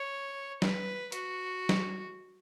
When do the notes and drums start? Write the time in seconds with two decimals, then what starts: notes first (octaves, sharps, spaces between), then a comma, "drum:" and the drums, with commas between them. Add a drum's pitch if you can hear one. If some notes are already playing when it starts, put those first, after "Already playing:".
Already playing: C#5
0.62 B4, drum: snare
1.12 F#4, drum: hi-hat
1.69 drum: snare